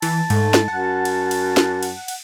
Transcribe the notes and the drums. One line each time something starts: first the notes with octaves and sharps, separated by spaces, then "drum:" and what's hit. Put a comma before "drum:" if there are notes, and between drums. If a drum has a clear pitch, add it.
E3 A5, drum: cymbal
G#2 A3, drum: cymbal
drum: snare
F#2 F#5
drum: cymbal
drum: cymbal
drum: snare
drum: cymbal
drum: cymbal